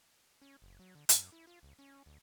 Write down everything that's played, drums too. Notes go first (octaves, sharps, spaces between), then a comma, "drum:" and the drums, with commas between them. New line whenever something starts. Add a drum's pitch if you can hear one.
C#4
F#1
F#3
D3
F#2, drum: hi-hat
E4
F4
C#2
C#4
D2